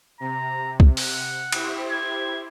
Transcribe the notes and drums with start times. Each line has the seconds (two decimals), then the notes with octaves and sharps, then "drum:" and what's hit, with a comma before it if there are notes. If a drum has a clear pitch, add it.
0.20 C3 A#5
0.80 drum: kick
0.97 F#5, drum: open hi-hat
1.52 E4 G4 C5, drum: cymbal
1.89 G#6